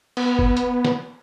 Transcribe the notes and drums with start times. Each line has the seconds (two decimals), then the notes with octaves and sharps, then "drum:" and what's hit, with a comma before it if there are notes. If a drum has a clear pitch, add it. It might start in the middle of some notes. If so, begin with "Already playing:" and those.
0.17 B3, drum: cymbal
0.39 drum: kick
0.57 drum: hi-hat
0.85 drum: snare